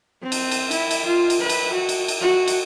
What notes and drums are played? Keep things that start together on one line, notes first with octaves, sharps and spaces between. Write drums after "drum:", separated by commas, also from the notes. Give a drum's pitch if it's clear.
C4
drum: cymbal
drum: cymbal
E4, drum: cymbal
drum: cymbal
F4
drum: cymbal
B4
drum: cymbal
F#4
drum: cymbal
drum: cymbal
F#4
drum: cymbal